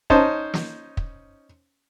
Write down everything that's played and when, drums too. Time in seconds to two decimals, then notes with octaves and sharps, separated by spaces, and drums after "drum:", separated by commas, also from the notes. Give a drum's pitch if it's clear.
0.10 C#4 D#4 C5 A5, drum: kick
0.54 drum: snare
0.97 drum: kick